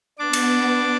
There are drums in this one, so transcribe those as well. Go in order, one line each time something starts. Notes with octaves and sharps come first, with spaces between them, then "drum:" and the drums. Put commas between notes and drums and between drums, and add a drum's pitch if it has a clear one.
B3 D4 D6
drum: cymbal